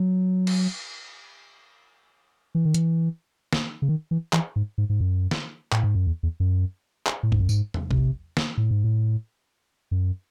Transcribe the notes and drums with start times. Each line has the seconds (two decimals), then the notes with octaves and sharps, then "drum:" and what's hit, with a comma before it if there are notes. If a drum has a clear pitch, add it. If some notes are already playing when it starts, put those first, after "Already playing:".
Already playing: F#3
0.47 drum: cymbal
2.55 E3
2.65 D#3
2.74 E3, drum: hi-hat
3.53 drum: snare
3.82 C#3
3.89 D#3
4.11 E3
4.33 E3, drum: clap
4.56 G#2
4.78 G#2
4.89 G#2
5.01 F#2
5.31 drum: snare
5.72 A2, drum: clap
5.83 G#2
5.95 F#2
6.07 E2
6.23 E2
6.40 F#2
7.06 drum: clap
7.23 A2
7.32 G#2, drum: kick
7.41 F#2
7.49 G#2, drum: tambourine
7.74 drum: tom E2
7.91 C3, drum: kick
8.37 drum: snare
8.57 A2
8.71 G#2
8.84 A2
9.91 F#2